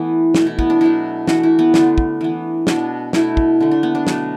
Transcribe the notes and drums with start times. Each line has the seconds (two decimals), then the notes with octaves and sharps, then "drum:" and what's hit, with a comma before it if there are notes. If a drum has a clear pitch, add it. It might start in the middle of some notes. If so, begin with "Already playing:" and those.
Already playing: E3 A3 B3
0.34 B2 A3, drum: snare
0.47 E4
0.59 B3, drum: kick
0.70 D4
0.81 B2 F#3 A3 E4
1.28 E3 A3 F#4, drum: snare
1.43 E4
1.59 B3
1.74 D3 D4, drum: snare
1.79 A3
1.98 drum: kick
2.21 E3 B3
2.67 B2 B3 D4, drum: snare
3.13 B2 A3 E4, drum: snare
3.37 drum: kick
3.61 D3 A3
3.71 D4
3.83 B3
3.95 D4
4.07 B2 F#3 A3, drum: snare